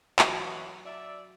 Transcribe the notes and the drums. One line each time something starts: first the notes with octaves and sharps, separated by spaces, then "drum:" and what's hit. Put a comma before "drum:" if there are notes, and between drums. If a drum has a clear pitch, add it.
F#2 B2 E3 F#3 B4, drum: clap
D5 E5